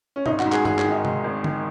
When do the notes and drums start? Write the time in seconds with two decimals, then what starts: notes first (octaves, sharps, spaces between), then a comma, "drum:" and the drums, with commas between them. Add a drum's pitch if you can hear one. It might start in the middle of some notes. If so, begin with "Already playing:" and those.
0.16 C#4
0.26 G#1 D#4, drum: tom B2
0.39 F#4, drum: clap
0.46 G#2
0.52 G#4, drum: clap
0.65 G#1 G#4, drum: tom G2
0.78 G#4, drum: clap
0.84 D#3
0.92 D#4
1.05 G#2, drum: tom C3
1.24 G#1
1.44 D#3, drum: tom D3